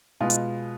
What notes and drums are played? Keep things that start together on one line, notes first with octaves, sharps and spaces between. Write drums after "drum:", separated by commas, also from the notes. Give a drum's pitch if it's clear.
B2 G#3 B3 F4
drum: hi-hat